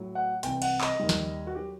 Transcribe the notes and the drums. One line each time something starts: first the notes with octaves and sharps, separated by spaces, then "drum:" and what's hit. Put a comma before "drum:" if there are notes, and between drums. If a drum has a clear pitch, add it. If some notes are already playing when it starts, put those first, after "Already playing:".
Already playing: A2 F#3
F#5
C2 C3 E3 G5, drum: hi-hat
F#5, drum: cymbal
D#5, drum: clap
D#2 D#3 G3
drum: snare
F#4
F#3 G4